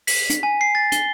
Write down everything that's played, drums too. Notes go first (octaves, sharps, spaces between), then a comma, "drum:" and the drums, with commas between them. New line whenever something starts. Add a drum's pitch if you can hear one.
B6, drum: open hi-hat
drum: hi-hat
G#5
C7
A6
G7, drum: hi-hat